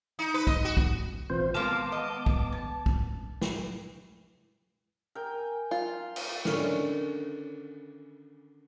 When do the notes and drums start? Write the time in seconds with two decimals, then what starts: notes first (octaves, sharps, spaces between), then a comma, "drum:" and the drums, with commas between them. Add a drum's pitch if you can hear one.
0.19 D#4
0.34 B4
0.47 D#5, drum: kick
0.65 F#4
0.77 drum: kick
1.30 A1 B2 E3 C4 F4 C5
1.54 D#3 G#3 B3 F4 A#4 A5 D6
1.92 D#5
2.26 drum: kick
2.52 A5
2.86 drum: kick
3.41 drum: snare
5.15 A#4 G5 G#5
5.71 F4
6.16 drum: cymbal
6.45 D3 D#3 C#4, drum: snare